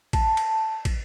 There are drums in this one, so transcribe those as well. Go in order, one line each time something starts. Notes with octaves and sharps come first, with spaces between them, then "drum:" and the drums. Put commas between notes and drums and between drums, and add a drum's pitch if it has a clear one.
A5, drum: kick, cymbal
drum: cymbal
drum: kick, cymbal